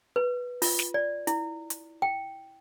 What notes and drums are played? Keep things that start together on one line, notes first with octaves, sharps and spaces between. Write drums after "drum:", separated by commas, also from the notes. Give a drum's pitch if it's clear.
B4
F4, drum: open hi-hat
drum: snare
D5
E4, drum: hi-hat
drum: hi-hat
G5